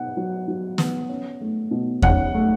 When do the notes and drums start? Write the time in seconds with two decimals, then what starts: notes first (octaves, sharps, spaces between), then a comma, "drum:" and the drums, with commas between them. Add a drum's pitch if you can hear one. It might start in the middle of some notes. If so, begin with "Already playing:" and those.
Already playing: B2 B3 F#5
0.17 F#3
0.48 F#3
0.78 B3, drum: snare
1.09 C#4
1.41 A3
1.71 B2
2.02 C#4 F#5, drum: kick E2
2.34 A3